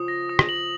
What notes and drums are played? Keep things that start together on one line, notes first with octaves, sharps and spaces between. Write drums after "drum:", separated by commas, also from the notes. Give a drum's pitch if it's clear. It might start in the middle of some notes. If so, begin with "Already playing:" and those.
Already playing: C#3 F3 D#6
A#6
D#6
drum: rim click
F#7